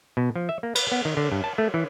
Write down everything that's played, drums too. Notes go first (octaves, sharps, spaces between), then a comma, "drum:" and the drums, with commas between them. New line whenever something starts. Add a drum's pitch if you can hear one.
B2
F3
E5
A#3
B4, drum: cymbal
B3
D#3
D3
G2
A5
A3
E3